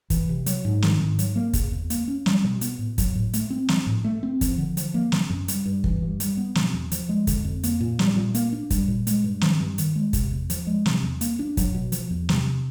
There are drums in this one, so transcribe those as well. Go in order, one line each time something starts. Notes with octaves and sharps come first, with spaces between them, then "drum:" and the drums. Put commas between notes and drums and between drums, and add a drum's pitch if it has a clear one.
E3, drum: kick, hi-hat
C3
F#3, drum: hi-hat
G#2
D#3, drum: snare
G#2
F#3, drum: hi-hat
A#3
C#3, drum: kick, hi-hat
E2
A#3, drum: hi-hat
C#4
G3, drum: snare
B2
B3, drum: hi-hat
A2
F#3, drum: kick, hi-hat
A2
A3, drum: hi-hat
C4
F3, drum: snare
A2
A3
C4
F3, drum: kick, hi-hat
D3
F3, drum: hi-hat
A#3
C#3, drum: snare
F#2
G3, drum: hi-hat
G2
E3, drum: kick
G2
G3, drum: hi-hat
B3
B2, drum: snare
E2
F3, drum: hi-hat
G#3
D3, drum: kick, hi-hat
F2
A#3, drum: hi-hat
A#2
G3, drum: snare
A#2
A#3, drum: hi-hat
D4
G3, drum: kick, hi-hat
A#2
G#3, drum: hi-hat
G2
D#3, drum: snare
G2
D#3, drum: hi-hat
G#3
C3, drum: kick, hi-hat
E2
F3, drum: hi-hat
G#3
C3, drum: snare
E2
A#3, drum: hi-hat
D4
F#3, drum: kick, hi-hat
B2
F3, drum: hi-hat
E2
C3, drum: snare